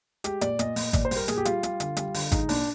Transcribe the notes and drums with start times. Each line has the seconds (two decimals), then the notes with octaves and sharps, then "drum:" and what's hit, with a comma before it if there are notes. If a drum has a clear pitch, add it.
0.24 G#3 G4, drum: hi-hat
0.41 A#2 D5, drum: hi-hat
0.59 A#2 D#5, drum: hi-hat
0.76 A#2, drum: open hi-hat
0.93 A#2 D5, drum: kick G#1, hi-hat
1.05 C5
1.11 G3, drum: open hi-hat
1.16 A#4
1.28 A#2 G#4, drum: hi-hat
1.37 G4
1.45 G3 F4, drum: hi-hat
1.63 G3, drum: hi-hat
1.80 D3, drum: hi-hat
1.97 G3, drum: hi-hat
2.14 D3, drum: open hi-hat
2.32 G#3 D#4, drum: kick G#1, hi-hat
2.49 A#2 D4, drum: open hi-hat